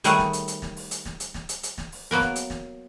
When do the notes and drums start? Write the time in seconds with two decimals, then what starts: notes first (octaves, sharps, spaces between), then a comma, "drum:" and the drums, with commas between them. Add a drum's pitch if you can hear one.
0.04 D#3 G3 A3 G#4 C#5 F#5, drum: hi-hat
0.19 drum: snare
0.33 drum: hi-hat
0.48 drum: hi-hat
0.62 drum: snare
0.77 drum: open hi-hat
0.91 drum: hi-hat
1.05 drum: snare
1.20 drum: hi-hat
1.34 drum: snare
1.49 drum: hi-hat
1.63 drum: hi-hat
1.78 drum: snare
1.92 drum: open hi-hat
2.11 F#3 A#3 B3 A#4
2.21 drum: snare
2.36 drum: hi-hat
2.50 drum: snare